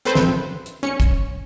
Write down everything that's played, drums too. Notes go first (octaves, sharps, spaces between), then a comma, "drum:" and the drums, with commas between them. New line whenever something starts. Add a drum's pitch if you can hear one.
C4 A4 B4 C5
drum: snare
drum: hi-hat
C#4 C#7
drum: kick, hi-hat